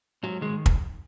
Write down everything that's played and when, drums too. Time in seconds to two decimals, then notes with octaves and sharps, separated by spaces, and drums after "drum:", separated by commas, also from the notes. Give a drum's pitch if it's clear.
0.23 G#2 F#3
0.41 D#3 G#3
0.66 drum: kick